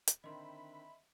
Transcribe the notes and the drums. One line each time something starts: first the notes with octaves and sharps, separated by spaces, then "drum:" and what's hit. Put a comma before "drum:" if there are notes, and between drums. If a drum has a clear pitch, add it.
drum: hi-hat
D3 D#3 C4 D#5 E5 B5 C6